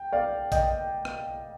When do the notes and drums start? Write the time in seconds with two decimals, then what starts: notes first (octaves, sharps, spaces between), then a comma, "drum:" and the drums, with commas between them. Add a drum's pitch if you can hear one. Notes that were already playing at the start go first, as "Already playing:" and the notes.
Already playing: G5
0.13 D5 F5
0.52 D#5 G5, drum: kick A#1, hi-hat
1.05 drum: rim click